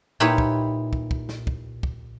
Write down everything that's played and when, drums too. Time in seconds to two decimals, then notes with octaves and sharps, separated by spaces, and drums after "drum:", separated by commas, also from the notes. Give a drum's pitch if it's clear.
0.20 A#2 D#4 E4 G4 B4 C#5
0.38 drum: kick
0.93 drum: kick
1.11 drum: kick
1.29 drum: snare
1.47 drum: kick
1.83 drum: kick